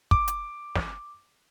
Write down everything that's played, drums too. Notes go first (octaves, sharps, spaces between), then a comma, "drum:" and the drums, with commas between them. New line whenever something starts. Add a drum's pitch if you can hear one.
D6, drum: kick
drum: hi-hat
drum: snare